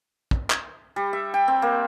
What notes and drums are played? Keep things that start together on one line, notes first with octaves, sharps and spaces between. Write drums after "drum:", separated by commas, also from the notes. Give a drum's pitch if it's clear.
drum: kick
drum: clap
G3
E5
G5
C4
A#3